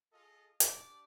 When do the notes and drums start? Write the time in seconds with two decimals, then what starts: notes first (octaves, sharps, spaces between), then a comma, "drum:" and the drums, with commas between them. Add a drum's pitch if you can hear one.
0.12 F4 G#4 A4 D#5
0.60 D4 G4 D5, drum: hi-hat